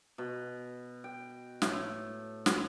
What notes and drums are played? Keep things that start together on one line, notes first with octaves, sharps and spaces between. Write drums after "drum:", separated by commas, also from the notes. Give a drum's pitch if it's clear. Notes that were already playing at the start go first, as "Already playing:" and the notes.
B2
G5
A2, drum: snare
drum: snare